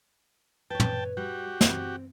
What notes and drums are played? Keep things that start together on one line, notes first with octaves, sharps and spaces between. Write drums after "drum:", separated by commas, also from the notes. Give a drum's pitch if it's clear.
B4 C#5 G5 A5
drum: tom
G3 F#4 G4
C4, drum: snare